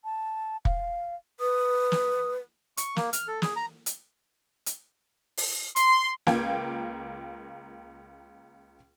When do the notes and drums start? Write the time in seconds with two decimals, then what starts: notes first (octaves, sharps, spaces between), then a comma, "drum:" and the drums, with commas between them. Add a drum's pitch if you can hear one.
0.04 A5
0.65 F5, drum: kick
1.40 B4 D#6
1.92 drum: snare
2.77 C#6, drum: hi-hat
2.96 A#3, drum: snare
3.13 F6, drum: hi-hat
3.28 A4
3.42 G#4, drum: snare
3.56 A#5
3.86 drum: hi-hat
4.66 drum: hi-hat
5.37 drum: open hi-hat
5.76 C6, drum: hi-hat
6.27 C#2 A#3 F4 G5 G#6, drum: snare